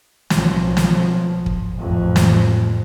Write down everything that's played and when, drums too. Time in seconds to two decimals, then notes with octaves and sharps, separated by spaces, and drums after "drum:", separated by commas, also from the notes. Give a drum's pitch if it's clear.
0.30 B1 F3, drum: snare
0.77 drum: snare
1.46 drum: kick
1.78 A1 F2
2.16 drum: snare